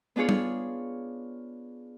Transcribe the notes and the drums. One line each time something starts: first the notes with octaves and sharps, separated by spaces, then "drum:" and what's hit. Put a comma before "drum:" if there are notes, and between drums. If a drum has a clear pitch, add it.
B3 D4 F4 G#4 C#5
drum: tom G3